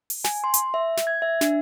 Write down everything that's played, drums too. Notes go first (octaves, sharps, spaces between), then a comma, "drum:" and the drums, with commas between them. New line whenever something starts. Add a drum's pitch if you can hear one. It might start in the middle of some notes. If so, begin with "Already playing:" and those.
drum: open hi-hat
G#5, drum: snare
C6
drum: hi-hat
E5
drum: snare
G#6
E5
D4, drum: snare